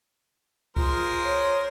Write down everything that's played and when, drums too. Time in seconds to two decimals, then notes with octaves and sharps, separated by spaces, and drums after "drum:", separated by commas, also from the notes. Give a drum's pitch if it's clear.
0.77 G#3 F4 A#4 C5, drum: kick C#2
1.24 C#5